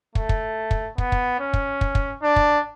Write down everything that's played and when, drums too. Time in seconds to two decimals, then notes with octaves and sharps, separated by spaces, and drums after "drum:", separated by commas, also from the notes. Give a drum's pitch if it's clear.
0.15 A3, drum: kick
0.29 drum: kick
0.71 drum: kick
0.98 B3, drum: kick
1.12 drum: kick
1.40 C#4
1.53 drum: kick
1.81 drum: kick
1.95 drum: kick
2.22 D4
2.36 drum: kick